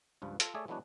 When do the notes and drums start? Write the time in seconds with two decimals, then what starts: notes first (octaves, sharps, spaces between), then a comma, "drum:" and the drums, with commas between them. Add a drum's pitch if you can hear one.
0.22 C#2 G2 F3 B4
0.40 F4 A4, drum: hi-hat
0.55 A3 G#4 C#5 D5 E5
0.68 E3 F#3 G#3 B3 D4 F#4